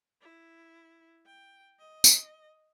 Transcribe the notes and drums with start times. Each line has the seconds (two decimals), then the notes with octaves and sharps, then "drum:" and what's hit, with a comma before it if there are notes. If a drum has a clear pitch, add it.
0.21 E4
1.26 G5
1.79 D#5
2.04 drum: tambourine